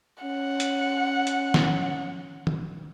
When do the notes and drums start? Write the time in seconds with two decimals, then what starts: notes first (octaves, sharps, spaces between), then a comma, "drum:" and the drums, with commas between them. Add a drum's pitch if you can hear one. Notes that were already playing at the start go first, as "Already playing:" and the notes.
0.24 C#4 F#5
0.60 drum: hi-hat
1.27 drum: hi-hat
1.54 drum: snare
2.47 drum: tom